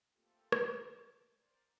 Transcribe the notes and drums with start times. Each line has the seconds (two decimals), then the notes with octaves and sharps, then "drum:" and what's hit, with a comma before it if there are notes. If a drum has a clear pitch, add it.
0.13 A3 A#3 C4 F4 G4 A4
0.52 drum: rim click
0.75 A5 D6
1.36 A#4 C5 D5